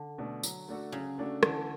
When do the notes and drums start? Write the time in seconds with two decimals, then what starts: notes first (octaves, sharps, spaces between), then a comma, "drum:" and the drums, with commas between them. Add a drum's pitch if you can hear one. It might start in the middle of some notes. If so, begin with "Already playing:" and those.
Already playing: D3
0.18 B2 A3 D4
0.43 F#3, drum: tambourine
0.68 A3 D4 F#4 A4
0.92 C#3 F#3
1.18 A3 D4 F#4 A4
1.43 D3 E3, drum: rim click